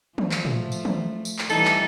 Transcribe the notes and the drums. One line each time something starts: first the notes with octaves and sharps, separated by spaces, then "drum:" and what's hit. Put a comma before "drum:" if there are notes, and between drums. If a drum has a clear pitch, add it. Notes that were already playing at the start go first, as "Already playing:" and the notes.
F3 A3, drum: tom
drum: clap
drum: tom
drum: tambourine
drum: tom
drum: tambourine
drum: clap
E3 G3 D#4 A4, drum: tambourine
drum: clap